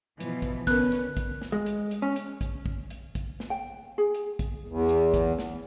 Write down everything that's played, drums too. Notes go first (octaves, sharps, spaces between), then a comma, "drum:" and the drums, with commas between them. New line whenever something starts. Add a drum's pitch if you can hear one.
B2 E3 F3, drum: hi-hat
drum: kick, hi-hat
D3 B3 C#4 A#4 B4 F#6, drum: kick, hi-hat
drum: hi-hat
drum: kick, hi-hat
drum: snare
G#3
drum: hi-hat
drum: hi-hat
C#4
drum: hi-hat
drum: kick, hi-hat
drum: kick
drum: hi-hat
drum: kick, hi-hat
drum: snare
G5
G#4
drum: hi-hat
drum: kick, hi-hat
E2
drum: hi-hat
drum: kick, hi-hat
drum: snare